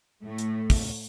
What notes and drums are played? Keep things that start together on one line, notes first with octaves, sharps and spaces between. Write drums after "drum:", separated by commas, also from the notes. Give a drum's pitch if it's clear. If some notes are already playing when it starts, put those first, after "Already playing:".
A2 A3
drum: hi-hat
drum: kick, open hi-hat